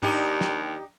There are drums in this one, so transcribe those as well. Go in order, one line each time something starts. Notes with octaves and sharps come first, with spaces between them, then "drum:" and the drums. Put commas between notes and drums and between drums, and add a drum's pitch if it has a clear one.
D#2 D4 D#4 G4, drum: tom G#2
drum: snare